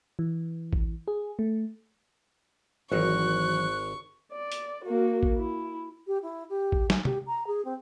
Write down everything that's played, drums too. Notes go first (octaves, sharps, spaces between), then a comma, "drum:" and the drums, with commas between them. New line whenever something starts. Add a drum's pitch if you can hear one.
E3
drum: kick A1
G#4
A3
G#1 D#2 E3 F#3 A#4 C#6 F#6
D5
drum: hi-hat
A#3 F#4
drum: kick A1
E4
G4
E4
G4
drum: kick A1
G#5, drum: snare
G4, drum: tom
A#5
G#4
C4